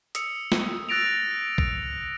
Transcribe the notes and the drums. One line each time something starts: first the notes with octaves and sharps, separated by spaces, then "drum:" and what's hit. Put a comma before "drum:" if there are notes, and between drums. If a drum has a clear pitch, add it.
D#6 E6 C#7, drum: hi-hat
drum: snare
E6 F#6 A6 A#6 D7 F7
drum: kick